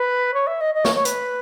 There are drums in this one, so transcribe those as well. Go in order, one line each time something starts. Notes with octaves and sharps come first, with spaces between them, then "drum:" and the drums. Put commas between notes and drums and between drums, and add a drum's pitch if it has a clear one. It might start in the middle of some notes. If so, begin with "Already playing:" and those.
Already playing: B4
C#5
E5
D#5
D#5
C#5, drum: snare
C#5
B4, drum: hi-hat